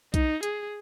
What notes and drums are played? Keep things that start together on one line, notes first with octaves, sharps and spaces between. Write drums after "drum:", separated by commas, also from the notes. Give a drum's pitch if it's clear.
D#4, drum: kick B1, hi-hat
G#4, drum: hi-hat